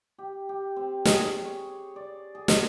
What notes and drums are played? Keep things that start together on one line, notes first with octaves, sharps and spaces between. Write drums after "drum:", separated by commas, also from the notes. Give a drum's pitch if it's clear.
G4
G4
C4
G#4, drum: snare
C#5
D5
G#4
drum: snare